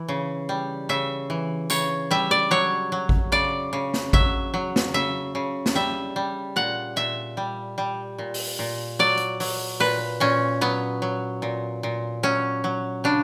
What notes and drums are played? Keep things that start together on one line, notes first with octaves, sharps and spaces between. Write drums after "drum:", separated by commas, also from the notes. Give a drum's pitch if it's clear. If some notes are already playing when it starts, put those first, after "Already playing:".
Already playing: E3
C#3
G3
C#3 E5
E3
C#3 C#5, drum: tambourine
G3 E5
D5
F#3 C#5
F#3
drum: kick A1
C#3 D5
C#3
drum: snare
F#3 E5, drum: kick A1
F#3
drum: snare
C#3 E5
C#3
drum: snare
G3 E5
G3
A#2 F#5
A#2 E5
G3
G3
A#2
drum: open hi-hat
A#2
F#3 D5
drum: hi-hat
F#3, drum: open hi-hat
A#2 B4
A#2 C#4
F#3 B3
F#3
A#2
A#2
F#3 C#4
F#3
C#3 D4